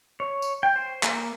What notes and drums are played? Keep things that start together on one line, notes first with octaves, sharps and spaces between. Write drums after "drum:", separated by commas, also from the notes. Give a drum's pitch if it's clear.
C#5
drum: tambourine
G5
C5
A#3, drum: clap